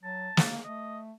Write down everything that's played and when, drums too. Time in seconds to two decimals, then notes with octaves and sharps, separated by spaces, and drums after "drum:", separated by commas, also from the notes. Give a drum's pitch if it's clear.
0.03 F#3 A5
0.37 A#3, drum: snare
0.64 A3 D#5